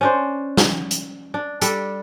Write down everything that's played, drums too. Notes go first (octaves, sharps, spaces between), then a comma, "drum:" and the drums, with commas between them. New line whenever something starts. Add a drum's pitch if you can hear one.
C#4 D4 C5
drum: snare
drum: hi-hat
D4
G3 D4 A4, drum: hi-hat